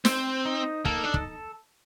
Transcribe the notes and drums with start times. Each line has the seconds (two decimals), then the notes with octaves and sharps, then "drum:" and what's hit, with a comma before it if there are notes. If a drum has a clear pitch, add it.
0.05 C4 C5, drum: snare
0.45 D#4
0.85 A#3 A4, drum: kick
1.04 D4
1.14 drum: kick